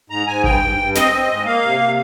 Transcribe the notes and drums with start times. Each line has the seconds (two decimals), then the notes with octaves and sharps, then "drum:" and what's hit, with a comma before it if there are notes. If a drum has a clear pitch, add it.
0.10 G#2 A#5
0.27 G#2 G#5
0.44 G2 G5, drum: kick G#1
0.62 G2
0.78 G2
0.95 C4 D#5, drum: snare
1.12 C4
1.21 D#5
1.29 G#2
1.46 A#3 F5
1.63 C3
1.80 C3